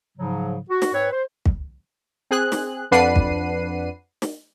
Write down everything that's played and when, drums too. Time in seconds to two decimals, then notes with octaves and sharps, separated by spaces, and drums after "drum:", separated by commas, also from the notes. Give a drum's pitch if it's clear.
0.18 G#2 C#3 F3 F#3
0.70 F#4
0.82 drum: snare
0.93 G#2 C4 B4 C#5
1.12 C5
1.46 drum: kick
2.31 C4 G#4 F#6
2.52 drum: snare
2.91 F2 D4 B4 F#5 C7 D#7
3.16 drum: kick
4.22 drum: snare